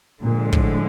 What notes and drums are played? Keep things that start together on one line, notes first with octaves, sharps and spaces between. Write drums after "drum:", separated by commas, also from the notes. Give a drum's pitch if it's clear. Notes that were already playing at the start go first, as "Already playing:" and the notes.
A#2 D3 F3 G#3
A2, drum: kick